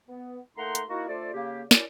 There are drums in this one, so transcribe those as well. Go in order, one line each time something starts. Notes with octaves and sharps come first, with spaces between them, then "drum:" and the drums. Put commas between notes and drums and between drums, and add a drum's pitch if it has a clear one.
B3
A3 A#3 D#4 F#5 A#5 C6
drum: hi-hat
A#3 D#4 E4 F#4
A3 D4 F4 A4 C5 D5
C#3 A#3 G4
C#4 D4 E4 F#4 A#4 D5, drum: snare